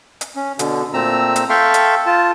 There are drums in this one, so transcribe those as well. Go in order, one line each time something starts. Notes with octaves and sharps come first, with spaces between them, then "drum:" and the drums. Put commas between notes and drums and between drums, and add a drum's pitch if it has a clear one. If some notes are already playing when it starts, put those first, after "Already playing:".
drum: hi-hat
C#4
B2 D3, drum: hi-hat
A#2 A3 C4 A#5 E6
drum: hi-hat
A4 E5 F5 G5 C6 C#6
drum: hi-hat
F4 A5